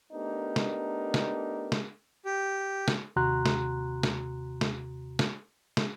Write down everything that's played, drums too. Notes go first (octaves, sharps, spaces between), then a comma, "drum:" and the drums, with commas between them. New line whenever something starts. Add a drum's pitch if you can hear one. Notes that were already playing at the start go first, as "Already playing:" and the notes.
A3 B3 D4 D#4 G4 A#4
drum: snare
drum: snare
drum: snare
G4
drum: snare
D#2 C3 F#4 A#5 C6 F#6
drum: snare
drum: snare
drum: snare
drum: snare
drum: snare